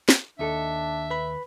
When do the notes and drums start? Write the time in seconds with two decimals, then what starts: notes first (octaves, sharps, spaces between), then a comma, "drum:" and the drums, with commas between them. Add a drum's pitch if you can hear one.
0.09 drum: snare
0.39 D#2 D4 D#4 A4 E5
1.11 B4 B5